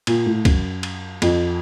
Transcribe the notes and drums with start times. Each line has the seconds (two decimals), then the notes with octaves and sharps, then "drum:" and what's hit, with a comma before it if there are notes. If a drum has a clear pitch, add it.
0.07 A#2, drum: cymbal
0.26 A2
0.45 F#2, drum: kick, cymbal
0.83 drum: cymbal
1.22 F2, drum: cymbal